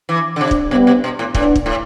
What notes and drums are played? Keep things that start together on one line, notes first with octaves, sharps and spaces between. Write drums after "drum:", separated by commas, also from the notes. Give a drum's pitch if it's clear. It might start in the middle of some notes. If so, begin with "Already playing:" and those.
E3
D3
C3
drum: kick
C3 G3 B3
C3
B2
A2
A2 B3 D4, drum: kick
drum: kick
A2